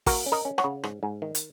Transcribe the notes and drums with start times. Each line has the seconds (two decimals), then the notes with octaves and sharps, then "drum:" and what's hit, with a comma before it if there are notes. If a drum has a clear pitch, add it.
0.06 A#3 F#4 A#4, drum: kick, open hi-hat
0.26 C#4
0.32 A#4 D#5
0.45 C#4
0.58 C#5 F#5, drum: rim click
0.64 C#3
0.83 G#2, drum: rim click
1.03 G#2
1.22 D#3
1.35 drum: hi-hat